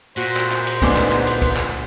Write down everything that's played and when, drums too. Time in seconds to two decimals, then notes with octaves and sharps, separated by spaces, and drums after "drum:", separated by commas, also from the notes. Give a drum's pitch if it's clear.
0.17 A#2 F#4 C5
0.37 drum: clap
0.52 drum: clap
0.67 drum: cymbal
0.82 D2 G#2 B3 D6, drum: kick, cymbal
0.97 drum: clap
1.12 drum: clap
1.27 drum: cymbal
1.42 drum: kick, cymbal
1.57 drum: clap